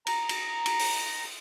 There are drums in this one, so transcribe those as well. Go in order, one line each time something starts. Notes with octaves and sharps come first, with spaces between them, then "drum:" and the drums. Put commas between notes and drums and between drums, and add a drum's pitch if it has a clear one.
A#5, drum: cymbal
drum: cymbal
drum: cymbal
drum: open hi-hat